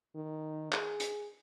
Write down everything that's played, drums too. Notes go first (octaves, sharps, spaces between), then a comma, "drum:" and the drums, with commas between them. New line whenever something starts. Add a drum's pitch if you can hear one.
D#3
G#4, drum: clap
drum: hi-hat